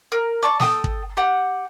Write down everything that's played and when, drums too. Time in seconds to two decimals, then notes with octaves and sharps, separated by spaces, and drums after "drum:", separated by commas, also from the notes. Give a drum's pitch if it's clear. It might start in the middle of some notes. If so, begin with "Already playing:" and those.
0.12 A#4
0.43 D5 A5 C#6
0.60 A4 G5 D#6 E6, drum: snare
0.84 drum: kick
1.17 G4 F#5